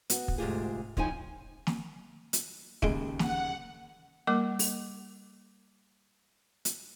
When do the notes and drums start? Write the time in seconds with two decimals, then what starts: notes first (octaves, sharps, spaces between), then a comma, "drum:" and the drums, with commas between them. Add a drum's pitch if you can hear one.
0.10 B3 F#4, drum: hi-hat
0.28 drum: kick
0.38 D2 G#2 C3 F4 G4 G#4
0.97 C#3 F3 C4 D#4 E4 G#5, drum: kick
1.67 drum: snare
2.33 drum: hi-hat
2.82 D#2 C#3 G#3 E4 D7, drum: kick
3.19 F#5, drum: snare
4.27 G3 A#3 A#4 D6
4.59 drum: open hi-hat
6.65 drum: hi-hat